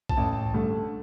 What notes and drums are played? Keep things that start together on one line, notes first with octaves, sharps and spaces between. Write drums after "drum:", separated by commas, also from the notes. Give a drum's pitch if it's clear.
A5, drum: kick B1
A1
G2 D3 A3